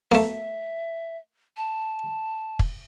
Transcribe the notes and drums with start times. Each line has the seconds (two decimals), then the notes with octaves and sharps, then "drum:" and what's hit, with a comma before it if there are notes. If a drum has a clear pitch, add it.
0.12 A3 A#3 E5, drum: snare B3
1.57 A5
2.59 drum: kick